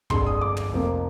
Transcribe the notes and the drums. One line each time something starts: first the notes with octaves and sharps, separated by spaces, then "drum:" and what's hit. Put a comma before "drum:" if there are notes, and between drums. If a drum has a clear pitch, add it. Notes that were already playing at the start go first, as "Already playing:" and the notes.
G1 F2 D3 G#3 C6, drum: kick
D#6
D6
drum: tom
F1 F2 C3 F3 A#3